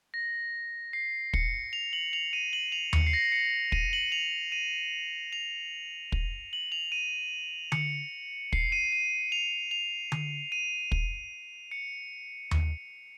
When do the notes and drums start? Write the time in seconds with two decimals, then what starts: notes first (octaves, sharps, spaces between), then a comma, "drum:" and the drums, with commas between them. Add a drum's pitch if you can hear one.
0.14 A#6
0.93 C7
1.34 C#7, drum: kick
1.73 F7
1.93 F#7
2.13 F7
2.33 D#7
2.53 F#7
2.72 F7
2.93 C#7, drum: tom D#2
3.07 C7
3.13 A#6
3.32 C#7
3.72 D#7, drum: kick
3.93 F#7
4.12 F7
4.52 D#7
5.33 F7
6.12 drum: kick
6.53 F#7
6.72 F7
6.92 D#7
7.72 C#7, drum: tom D3
8.53 C7, drum: kick
8.72 D#7
8.92 D#7
9.32 F7
9.71 F7
10.12 drum: tom D3
10.52 D#7
10.92 drum: kick
11.71 C#7
12.51 drum: tom D#2